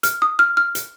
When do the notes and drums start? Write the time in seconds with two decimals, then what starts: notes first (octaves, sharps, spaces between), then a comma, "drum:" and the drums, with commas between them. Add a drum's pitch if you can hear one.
0.03 F6, drum: hi-hat
0.22 D#6
0.39 F6
0.57 F6
0.75 drum: hi-hat